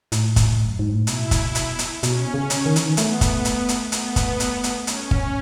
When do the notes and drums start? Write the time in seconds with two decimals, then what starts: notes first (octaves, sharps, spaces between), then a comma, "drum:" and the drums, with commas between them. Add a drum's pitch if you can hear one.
0.12 A2, drum: hi-hat
0.36 drum: kick, hi-hat
0.65 F#2
0.79 G#2
0.94 A2
1.07 B2 E4, drum: hi-hat
1.31 drum: kick, hi-hat
1.55 drum: hi-hat
1.79 drum: hi-hat
2.03 B2 C#4, drum: hi-hat
2.34 C#3
2.50 drum: hi-hat
2.66 D#3
2.76 E3, drum: hi-hat
2.85 D#3
2.97 A3 B3, drum: hi-hat
3.21 drum: kick, hi-hat
3.45 drum: hi-hat
3.69 drum: hi-hat
3.92 B3, drum: hi-hat
4.16 drum: kick, hi-hat
4.40 drum: hi-hat
4.64 drum: hi-hat
4.87 C#4, drum: hi-hat
5.11 drum: kick